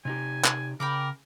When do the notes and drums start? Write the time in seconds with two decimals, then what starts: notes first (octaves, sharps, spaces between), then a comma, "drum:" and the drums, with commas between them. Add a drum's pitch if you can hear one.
0.05 C3 D#4 G4 G#5
0.44 drum: clap
0.80 C#3 A#4 G5 B5 D6